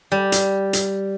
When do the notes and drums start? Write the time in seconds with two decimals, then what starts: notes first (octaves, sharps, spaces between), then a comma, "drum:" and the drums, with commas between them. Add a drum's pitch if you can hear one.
0.12 G3
0.32 drum: hi-hat
0.73 drum: hi-hat